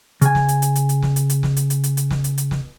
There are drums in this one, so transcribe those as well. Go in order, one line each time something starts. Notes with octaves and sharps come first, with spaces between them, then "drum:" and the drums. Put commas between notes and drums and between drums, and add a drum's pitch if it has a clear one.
C#3 G#5, drum: hi-hat
drum: snare
drum: hi-hat
drum: hi-hat
drum: hi-hat
drum: hi-hat
drum: snare
drum: hi-hat
drum: hi-hat
drum: snare
drum: hi-hat
drum: hi-hat
drum: hi-hat
drum: hi-hat
drum: snare
drum: hi-hat
drum: hi-hat
drum: snare